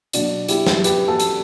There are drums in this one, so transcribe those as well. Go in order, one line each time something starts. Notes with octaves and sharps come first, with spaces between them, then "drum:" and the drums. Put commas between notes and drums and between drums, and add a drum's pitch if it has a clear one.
B2 F#3 D4 F#4, drum: hi-hat
E4 G4, drum: hi-hat
drum: snare
G4 B4, drum: hi-hat
F#4 A4
drum: hi-hat